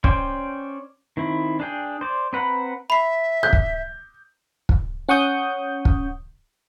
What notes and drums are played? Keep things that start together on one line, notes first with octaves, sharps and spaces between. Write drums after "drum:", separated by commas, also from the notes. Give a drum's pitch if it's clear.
C#4 C5 D5 G5, drum: kick
D#3 C4 E4
D4 G#4 G5
C5 D5
C4 B4 F#5 A#5 B5
E5 B5 C7
F#6 G6
drum: kick
drum: kick
C#4 F#5 C#6 D#6 G6
drum: kick